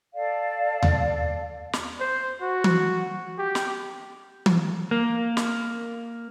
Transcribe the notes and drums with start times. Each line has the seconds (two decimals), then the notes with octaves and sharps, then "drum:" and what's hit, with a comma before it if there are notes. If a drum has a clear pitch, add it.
0.14 A4 D5 F5
0.83 drum: tom D#2
1.73 drum: snare
2.00 C5
2.41 F#4
2.64 drum: tom E3
3.39 G4
3.55 drum: snare
4.46 drum: tom E3
4.91 A#3
5.37 drum: snare